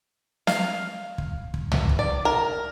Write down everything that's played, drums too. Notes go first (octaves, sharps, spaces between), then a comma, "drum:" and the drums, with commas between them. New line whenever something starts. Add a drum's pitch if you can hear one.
F5, drum: snare
drum: kick
drum: kick
drum: tom
drum: kick
D5
A#4